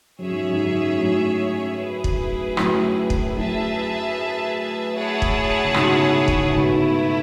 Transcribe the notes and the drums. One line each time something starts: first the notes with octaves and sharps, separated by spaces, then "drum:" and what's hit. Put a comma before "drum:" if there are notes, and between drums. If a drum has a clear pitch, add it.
F#2 C#4 G#4 C#5 E5
G#2
F#2
G#2
F#2
F#2 A2
E4 G#4 B4
drum: kick
F#2 A2, drum: rim click
drum: kick
F#2 A2 G#4 B4 E5 A5
E4 G#4 C#5 F#5 A5
drum: kick
C#3
G#2 B2, drum: rim click
drum: kick
C#3
G#2 B2 A3 E4 B4